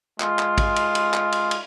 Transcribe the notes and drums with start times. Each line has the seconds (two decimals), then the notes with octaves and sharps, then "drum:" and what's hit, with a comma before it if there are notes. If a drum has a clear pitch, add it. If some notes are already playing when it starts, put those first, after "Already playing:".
0.20 G#3 F4, drum: clap
0.39 drum: clap
0.58 drum: kick A1, cymbal
0.76 drum: cymbal
0.95 drum: cymbal
1.14 drum: clap
1.32 drum: cymbal
1.51 drum: cymbal